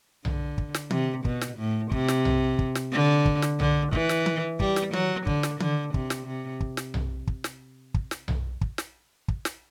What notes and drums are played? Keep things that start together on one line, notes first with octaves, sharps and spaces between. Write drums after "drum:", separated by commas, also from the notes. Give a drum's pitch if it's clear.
D3, drum: tom B1
drum: kick
drum: snare
C3, drum: tom D#3
B2, drum: kick
drum: snare
A2
C3, drum: kick
drum: snare
drum: tom B1
drum: kick
drum: snare
D3
drum: kick
drum: snare
D3, drum: tom B1
E3, drum: kick
drum: snare
drum: tom D#3
G3, drum: kick
drum: snare
F#3, drum: tom D#3
D3, drum: kick
drum: snare
D3, drum: tom D#3
C3, drum: kick
drum: snare
C3
drum: kick
drum: snare
drum: tom B1
drum: kick
drum: snare
drum: kick
drum: snare
drum: tom B1
drum: kick
drum: snare
drum: kick
drum: snare